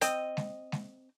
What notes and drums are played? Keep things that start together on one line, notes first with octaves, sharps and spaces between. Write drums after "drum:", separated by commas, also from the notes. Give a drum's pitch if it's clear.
C4 D#5, drum: hi-hat
drum: snare G#3
drum: snare G#3